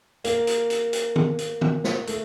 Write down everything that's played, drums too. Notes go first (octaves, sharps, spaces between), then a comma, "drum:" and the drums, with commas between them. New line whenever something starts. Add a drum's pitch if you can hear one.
A#3, drum: hi-hat
drum: hi-hat
drum: hi-hat
drum: hi-hat
drum: tom D#3
drum: hi-hat
drum: tom D#3
drum: snare
A3, drum: hi-hat